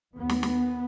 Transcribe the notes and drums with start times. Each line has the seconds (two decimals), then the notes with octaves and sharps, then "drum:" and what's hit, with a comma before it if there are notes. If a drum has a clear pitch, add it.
0.16 D#2 B3
0.29 drum: snare
0.43 drum: snare